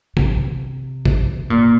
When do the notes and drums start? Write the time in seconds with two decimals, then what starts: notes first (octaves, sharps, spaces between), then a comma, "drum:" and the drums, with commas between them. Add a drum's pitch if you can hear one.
0.17 C3, drum: kick
1.06 drum: kick
1.50 A#2